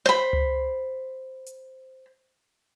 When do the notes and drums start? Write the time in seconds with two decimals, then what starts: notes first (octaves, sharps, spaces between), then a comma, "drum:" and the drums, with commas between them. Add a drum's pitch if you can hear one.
0.06 C5 B5
0.33 drum: tom C#2
1.46 drum: hi-hat